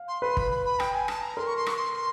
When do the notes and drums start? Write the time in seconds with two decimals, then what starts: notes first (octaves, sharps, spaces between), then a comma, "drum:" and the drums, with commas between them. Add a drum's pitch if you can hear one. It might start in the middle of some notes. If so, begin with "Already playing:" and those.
Already playing: F5
0.08 C6
0.22 B4 C6
0.37 B5, drum: kick
0.51 B5
0.65 B5
0.80 G5, drum: rim click
0.94 G#5
1.08 A5, drum: rim click
1.22 A#5
1.37 A#4 C6
1.47 C#6
1.56 C6
1.66 C#6, drum: rim click
1.76 C6
1.94 C6